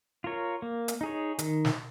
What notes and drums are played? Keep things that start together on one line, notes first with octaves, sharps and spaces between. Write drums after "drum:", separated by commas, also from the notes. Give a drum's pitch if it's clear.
F4 A#4 C#5
A#3
drum: hi-hat
D#4 G#4 C#5
D#3, drum: hi-hat
drum: snare